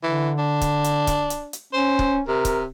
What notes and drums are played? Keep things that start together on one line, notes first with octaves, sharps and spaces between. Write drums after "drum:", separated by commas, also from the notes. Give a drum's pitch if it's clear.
D3 E3
D4
drum: kick, hi-hat
drum: hi-hat
drum: kick, hi-hat
drum: hi-hat
drum: hi-hat
C#4 C5
drum: kick
C3 A#4
drum: kick, hi-hat